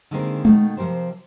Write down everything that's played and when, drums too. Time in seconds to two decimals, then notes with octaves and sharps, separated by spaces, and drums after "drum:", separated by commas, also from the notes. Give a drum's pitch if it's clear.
0.11 D3 D#3 G#3 A#3 C4 A#4
0.45 B2 D#3 A3, drum: tom G#3
0.77 C3 F3 G4 A#4 C5